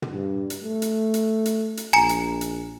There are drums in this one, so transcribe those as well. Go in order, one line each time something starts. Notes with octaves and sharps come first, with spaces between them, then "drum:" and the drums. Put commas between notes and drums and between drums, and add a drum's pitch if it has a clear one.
drum: tom
G2
drum: hi-hat
A3
drum: hi-hat
drum: hi-hat
drum: hi-hat
drum: hi-hat
A#1 G#5 A#5 C#7
drum: hi-hat
drum: hi-hat